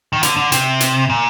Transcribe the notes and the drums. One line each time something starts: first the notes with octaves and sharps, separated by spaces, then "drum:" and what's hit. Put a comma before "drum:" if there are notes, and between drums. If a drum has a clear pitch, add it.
D#3
D3, drum: hi-hat
D3
C3, drum: hi-hat
drum: hi-hat
A#2